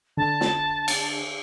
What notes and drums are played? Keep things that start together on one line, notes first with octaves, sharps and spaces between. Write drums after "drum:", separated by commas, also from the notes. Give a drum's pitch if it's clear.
D3 A5
drum: snare
drum: cymbal